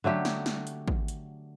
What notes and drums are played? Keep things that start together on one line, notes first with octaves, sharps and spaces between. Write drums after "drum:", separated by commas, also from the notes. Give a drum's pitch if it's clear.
D3 F#3 A3 G4
drum: snare
drum: snare
drum: hi-hat
drum: kick
drum: hi-hat